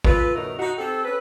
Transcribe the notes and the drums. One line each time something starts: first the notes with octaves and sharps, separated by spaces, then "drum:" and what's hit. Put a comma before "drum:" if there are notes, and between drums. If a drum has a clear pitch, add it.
F4 A4 B4, drum: kick
F#3 A3 B3 D#4 A#4
D#4 F#4
C4 G4 A4
C#4 A4 B4